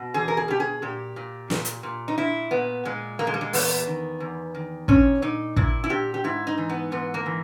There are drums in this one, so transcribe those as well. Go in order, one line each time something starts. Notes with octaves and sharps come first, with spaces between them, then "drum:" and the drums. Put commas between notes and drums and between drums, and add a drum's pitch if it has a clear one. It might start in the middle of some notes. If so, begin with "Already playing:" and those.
Already playing: B2
E2 G#4
A#4
G#4
B2 G4
G#4
A#2 G4
A#2
A#2, drum: snare
drum: hi-hat
A#2
D#4
A#2 E4
A#2 B3
A#2 G#3
A#2 A#3
G#3
G3
G#3
E2 B3, drum: open hi-hat
D#3
E2
D#3
A#2 C#4, drum: kick
A#2 D#4
A#2 E4, drum: kick
E4
A#2 G4
G4
G#2 E4
D#4
E3
B3
G#2 B3
A#3
E3